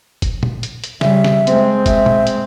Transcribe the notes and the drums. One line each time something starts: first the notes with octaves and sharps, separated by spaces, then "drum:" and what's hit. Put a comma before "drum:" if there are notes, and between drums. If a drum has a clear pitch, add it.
drum: kick, hi-hat
drum: tom
drum: hi-hat
drum: hi-hat
C#3 G3 E5, drum: snare
drum: snare
G#3 C4, drum: hi-hat
E5, drum: kick, hi-hat
drum: tom
drum: hi-hat